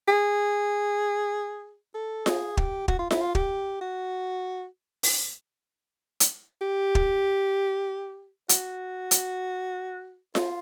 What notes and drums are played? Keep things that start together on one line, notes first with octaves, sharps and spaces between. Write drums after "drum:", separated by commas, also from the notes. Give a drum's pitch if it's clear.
G#4
A4
G#4, drum: snare F4
G4, drum: kick
F#4, drum: kick
F4
E4, drum: snare F4
F4
G4, drum: kick
F#4
drum: open hi-hat
drum: hi-hat
G4
drum: kick
F#4, drum: hi-hat
drum: hi-hat
F4, drum: snare F4